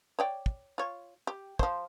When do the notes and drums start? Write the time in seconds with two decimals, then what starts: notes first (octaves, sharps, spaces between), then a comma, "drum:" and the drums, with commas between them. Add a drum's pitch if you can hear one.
0.19 C#5 D5 G5
0.46 drum: kick
0.78 F4 C#5
1.27 G4
1.59 F3 C5, drum: kick